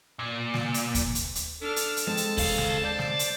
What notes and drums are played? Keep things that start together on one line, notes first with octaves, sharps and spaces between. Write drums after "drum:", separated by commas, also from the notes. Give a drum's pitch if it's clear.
A#2
drum: snare
drum: hi-hat
drum: kick D#2, hi-hat
drum: hi-hat
drum: hi-hat
D4 A4 F6
drum: hi-hat
drum: hi-hat
G#3 C4 A5
drum: hi-hat
D3 F5, drum: kick D#2, open hi-hat
drum: snare
C5 D5
drum: snare
drum: hi-hat